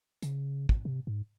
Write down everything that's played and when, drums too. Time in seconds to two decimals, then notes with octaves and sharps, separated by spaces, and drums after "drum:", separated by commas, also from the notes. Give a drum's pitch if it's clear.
0.22 C#3, drum: hi-hat
0.69 drum: kick
0.85 C3
1.07 G#2